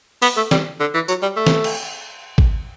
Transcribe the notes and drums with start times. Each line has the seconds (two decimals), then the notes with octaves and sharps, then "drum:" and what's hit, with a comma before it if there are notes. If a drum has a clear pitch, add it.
0.22 B3, drum: open hi-hat
0.37 A3
0.51 G3, drum: snare
0.80 D3
0.94 E3
1.08 F#3, drum: tambourine
1.22 G3
1.36 A3
1.46 drum: snare
1.64 drum: cymbal
2.38 drum: kick